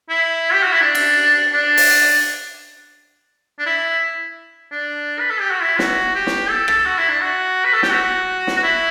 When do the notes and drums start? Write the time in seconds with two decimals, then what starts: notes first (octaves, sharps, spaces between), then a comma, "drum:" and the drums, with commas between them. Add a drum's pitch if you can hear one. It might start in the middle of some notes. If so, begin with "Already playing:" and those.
0.10 E4
0.53 G4
0.63 F#4
0.72 E4
0.81 D4
0.95 drum: cymbal
1.53 D4
1.77 drum: open hi-hat
3.59 D4
3.66 E4
4.72 D4
5.19 B4
5.30 A4
5.40 G4
5.51 F#4
5.62 E4
5.79 F#4, drum: snare
6.15 G4
6.27 drum: snare
6.50 A4
6.68 A4, drum: rim click
6.86 F#4
6.98 E4
7.09 D4
7.21 F#4
7.65 B4
7.73 A4
7.83 G4, drum: snare
7.92 F#4
8.47 drum: snare
8.57 F#4
8.63 E4